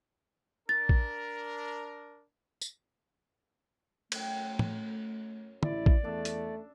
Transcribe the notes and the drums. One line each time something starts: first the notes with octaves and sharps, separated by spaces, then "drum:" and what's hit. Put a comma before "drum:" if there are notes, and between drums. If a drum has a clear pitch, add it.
D4 A#4 A6
drum: kick
drum: tambourine
F#2 A3 G5, drum: cymbal
drum: tom
A1 E4 D5, drum: tom
drum: kick
E2 A3 D4 E5
drum: hi-hat